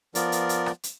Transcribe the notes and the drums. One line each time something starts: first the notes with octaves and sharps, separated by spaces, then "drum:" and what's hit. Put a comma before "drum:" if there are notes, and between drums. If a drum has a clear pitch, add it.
F3 B3 F4 A#4 D5, drum: hi-hat
drum: hi-hat
drum: hi-hat
drum: rim click
drum: hi-hat